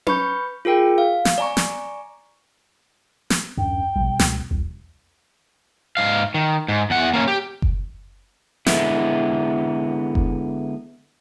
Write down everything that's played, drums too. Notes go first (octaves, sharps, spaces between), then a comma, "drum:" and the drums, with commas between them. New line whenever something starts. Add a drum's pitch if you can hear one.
B4 B5 C#6 G6, drum: tom C#4
F4 G#4 A#4 G5
F5
drum: snare
D5 G#5 A#5 C#6
drum: snare
drum: snare
D1 F#2 D4 G5
A#1 B2 G3
C#2, drum: snare
E1 C2
G#2 F5
D#3
G#2
E2 F#5
A#3 C#4
G4
drum: kick F#1
D3 G#3 B3 E4, drum: snare
drum: kick F#1